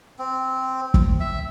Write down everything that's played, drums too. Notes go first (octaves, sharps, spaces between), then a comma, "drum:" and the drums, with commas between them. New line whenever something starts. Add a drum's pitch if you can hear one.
C4
drum: kick
E5